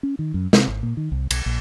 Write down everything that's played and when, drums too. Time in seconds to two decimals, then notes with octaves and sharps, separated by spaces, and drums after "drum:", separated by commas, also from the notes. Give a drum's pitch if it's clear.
0.03 C#4
0.19 D#3
0.34 F#2
0.53 C3, drum: snare
0.68 G#1
0.83 A#2
0.97 D#3
1.12 C2
1.31 B1, drum: cymbal
1.46 A#1